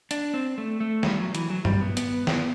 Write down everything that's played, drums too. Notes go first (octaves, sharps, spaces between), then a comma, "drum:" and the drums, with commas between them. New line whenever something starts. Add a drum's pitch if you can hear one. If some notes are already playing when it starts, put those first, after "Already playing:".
D4, drum: hi-hat
C4
A3
A3
G3, drum: snare
F#3
E3, drum: hi-hat
F#3
G3, drum: tom G2
B3
B3, drum: hi-hat
drum: snare